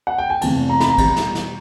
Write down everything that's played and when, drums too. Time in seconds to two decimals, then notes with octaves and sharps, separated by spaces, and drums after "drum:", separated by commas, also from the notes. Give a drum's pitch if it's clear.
0.07 F#5
0.18 G5
0.30 G#5
0.41 F1 E2 C3 A5, drum: cymbal
0.69 A#5
0.80 B5, drum: snare
0.90 A#5
0.98 E2 B2 G3, drum: kick, cymbal
1.16 drum: snare
1.35 drum: snare